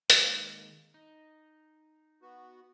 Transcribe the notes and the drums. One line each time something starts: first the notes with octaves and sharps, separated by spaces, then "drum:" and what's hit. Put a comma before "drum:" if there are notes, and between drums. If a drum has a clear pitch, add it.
D#3 G#3 A#3, drum: hi-hat
D#4
B3 F#4